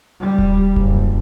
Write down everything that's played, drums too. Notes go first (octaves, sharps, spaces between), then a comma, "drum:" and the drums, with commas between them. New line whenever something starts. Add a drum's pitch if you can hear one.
G3
drum: kick D#1
F#1, drum: kick D#1